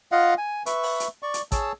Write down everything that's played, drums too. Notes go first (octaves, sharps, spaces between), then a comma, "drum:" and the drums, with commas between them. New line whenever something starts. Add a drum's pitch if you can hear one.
F4 D#5 F5 F#5
G#5
B4 E5 C#6, drum: hi-hat
drum: open hi-hat
drum: hi-hat
D5 C#6
drum: hi-hat
G#4 C#5 A5 E6, drum: kick A1, hi-hat